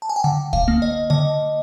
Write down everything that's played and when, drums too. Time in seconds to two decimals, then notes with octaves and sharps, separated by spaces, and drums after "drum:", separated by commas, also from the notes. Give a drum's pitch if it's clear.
0.02 A5
0.09 G#5
0.16 G5
0.24 D3 F#5
0.53 F5, drum: kick
0.68 A#3
0.82 D#5
1.10 D3 D#5